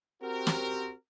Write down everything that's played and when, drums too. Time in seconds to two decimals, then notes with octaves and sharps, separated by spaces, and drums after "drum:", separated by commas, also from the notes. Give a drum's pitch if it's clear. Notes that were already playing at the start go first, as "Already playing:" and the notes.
0.23 C4 F#4 G4 A#4
0.47 drum: snare